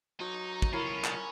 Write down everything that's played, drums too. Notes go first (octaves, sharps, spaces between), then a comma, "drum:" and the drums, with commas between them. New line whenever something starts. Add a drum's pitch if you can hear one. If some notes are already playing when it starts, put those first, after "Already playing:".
F#3 D#4
drum: kick
B1 C#4 E4 F4 A#4 C#5
drum: clap